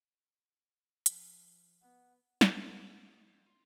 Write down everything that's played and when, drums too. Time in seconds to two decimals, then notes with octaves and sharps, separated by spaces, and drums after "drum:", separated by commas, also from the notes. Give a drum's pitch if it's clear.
1.06 F3, drum: hi-hat
1.81 B3 F#5
2.41 drum: snare
2.77 E4
2.93 D4 G4
3.08 F#3 D#5
3.26 F2
3.47 F4 C6